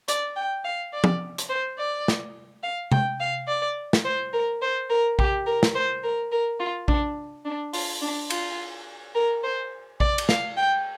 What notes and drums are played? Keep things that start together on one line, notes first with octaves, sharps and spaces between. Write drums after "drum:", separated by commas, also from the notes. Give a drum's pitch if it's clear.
D5, drum: hi-hat
G5
F5
D5
drum: tom
drum: hi-hat
C5
D5
drum: snare
F5
G5, drum: tom C3
F5
D5
drum: snare
C5
A#4
C5
A#4
G4, drum: kick A#1
A#4
drum: snare
C5
A#4
A#4
F4
D4, drum: kick A#1
D4
F4, drum: open hi-hat
D4
F4, drum: cymbal
A#4
C5
D5, drum: kick A#1
drum: cymbal
F5, drum: snare
G5